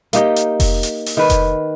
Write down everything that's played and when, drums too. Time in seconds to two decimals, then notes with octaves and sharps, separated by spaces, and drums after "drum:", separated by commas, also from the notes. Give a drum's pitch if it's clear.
0.13 A#3 D#4 G4, drum: hi-hat
0.36 drum: hi-hat
0.60 drum: kick F1, open hi-hat
0.83 drum: hi-hat
1.06 drum: open hi-hat
1.17 D#3 B4
1.30 drum: kick F1, hi-hat